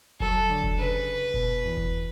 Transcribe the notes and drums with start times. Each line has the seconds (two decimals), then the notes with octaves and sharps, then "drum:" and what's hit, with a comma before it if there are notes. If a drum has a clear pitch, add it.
0.20 F#3 A4, drum: kick F1
0.49 D3
0.63 drum: kick F1
0.78 C#3 B4
1.34 B2, drum: kick F1
1.63 E2
1.77 drum: kick F1